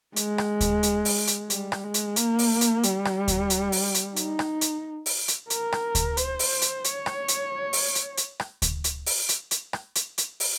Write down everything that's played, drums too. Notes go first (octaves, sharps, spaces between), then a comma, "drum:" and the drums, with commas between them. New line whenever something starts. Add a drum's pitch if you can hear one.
G#3, drum: hi-hat
drum: rim click
drum: kick D2, hi-hat
drum: hi-hat
drum: open hi-hat
drum: hi-hat
G3, drum: hi-hat
drum: rim click
G#3
drum: hi-hat
A#3, drum: hi-hat
drum: open hi-hat
drum: hi-hat
G3, drum: hi-hat
drum: rim click
drum: kick D2, hi-hat
drum: hi-hat
drum: open hi-hat
drum: hi-hat
D#4, drum: hi-hat
drum: rim click
drum: hi-hat
drum: open hi-hat
drum: hi-hat
A#4, drum: hi-hat
drum: rim click
drum: kick D2, hi-hat
C5, drum: hi-hat
drum: open hi-hat
drum: hi-hat
C#5, drum: hi-hat
drum: rim click
drum: hi-hat
drum: open hi-hat
drum: hi-hat
drum: hi-hat
drum: rim click
drum: kick D2, hi-hat
drum: hi-hat
drum: open hi-hat
drum: hi-hat
drum: hi-hat
drum: rim click
drum: hi-hat
drum: hi-hat
drum: open hi-hat